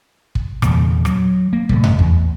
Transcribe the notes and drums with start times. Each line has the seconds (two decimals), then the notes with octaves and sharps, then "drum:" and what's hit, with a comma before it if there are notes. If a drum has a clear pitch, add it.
0.35 drum: kick
0.62 E2 A#2, drum: rim click
1.05 F#3, drum: rim click
1.53 A#3
1.69 A2 C3 G3, drum: kick
1.84 drum: tom F2
1.99 E2, drum: kick